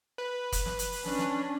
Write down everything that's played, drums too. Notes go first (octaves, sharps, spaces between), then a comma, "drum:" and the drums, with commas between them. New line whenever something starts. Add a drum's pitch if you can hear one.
B4
drum: kick, hi-hat
drum: snare
drum: hi-hat
drum: open hi-hat
C#4 D4, drum: snare
drum: snare